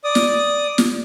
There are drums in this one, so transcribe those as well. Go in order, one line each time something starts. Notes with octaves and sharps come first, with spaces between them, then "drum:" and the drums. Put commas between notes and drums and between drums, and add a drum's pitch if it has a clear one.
D5 D#6
drum: snare
drum: snare